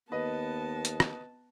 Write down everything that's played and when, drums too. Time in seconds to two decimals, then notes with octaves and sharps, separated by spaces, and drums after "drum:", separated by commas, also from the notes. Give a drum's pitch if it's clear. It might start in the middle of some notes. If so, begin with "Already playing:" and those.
0.12 D#2 B3 B4 D#5 A5
0.85 drum: hi-hat
1.00 drum: rim click